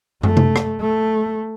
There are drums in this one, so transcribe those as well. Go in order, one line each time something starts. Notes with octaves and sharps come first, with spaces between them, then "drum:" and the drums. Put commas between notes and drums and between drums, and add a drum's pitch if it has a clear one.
A3, drum: tom
drum: tom C3
drum: rim click
A3